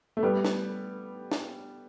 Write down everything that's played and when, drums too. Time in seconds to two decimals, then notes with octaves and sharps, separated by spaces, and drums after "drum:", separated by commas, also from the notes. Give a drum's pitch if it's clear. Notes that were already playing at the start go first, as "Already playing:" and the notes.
0.17 A3
0.23 G3 B3
0.45 drum: snare
1.31 drum: snare